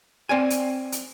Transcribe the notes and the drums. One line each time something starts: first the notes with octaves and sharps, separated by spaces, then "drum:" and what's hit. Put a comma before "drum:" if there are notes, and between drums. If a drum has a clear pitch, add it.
C4 D5 G#5
drum: hi-hat
drum: hi-hat